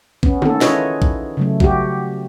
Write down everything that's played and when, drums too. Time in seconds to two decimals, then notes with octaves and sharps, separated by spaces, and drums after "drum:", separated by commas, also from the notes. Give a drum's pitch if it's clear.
0.23 B3 C#4, drum: kick A#1
0.42 D#3 C#4 A4, drum: tom
0.61 E4 F4 G#4 B4 C#5 D#5, drum: snare
1.02 drum: kick A#1
1.37 C#3 F#3 A3
1.60 F#4 G4, drum: kick A#1